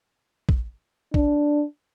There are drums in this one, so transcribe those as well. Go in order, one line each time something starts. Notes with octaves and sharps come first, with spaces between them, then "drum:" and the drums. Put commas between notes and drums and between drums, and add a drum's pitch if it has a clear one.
drum: kick A#1
D4, drum: kick A#1